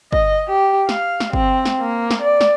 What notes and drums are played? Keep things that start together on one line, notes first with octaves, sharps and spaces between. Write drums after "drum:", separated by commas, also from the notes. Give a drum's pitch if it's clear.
D#5, drum: kick
G4
F5, drum: snare
drum: snare
C4, drum: kick
drum: snare
A#3
drum: snare
D5
drum: snare